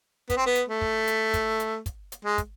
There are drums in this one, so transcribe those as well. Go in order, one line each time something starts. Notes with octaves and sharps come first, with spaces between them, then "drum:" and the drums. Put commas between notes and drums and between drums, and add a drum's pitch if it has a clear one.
B3, drum: kick, hi-hat
C4
B3
drum: hi-hat
A3
drum: kick
drum: hi-hat
drum: kick, hi-hat
drum: hi-hat
drum: kick, hi-hat
drum: hi-hat
G#3
drum: kick, hi-hat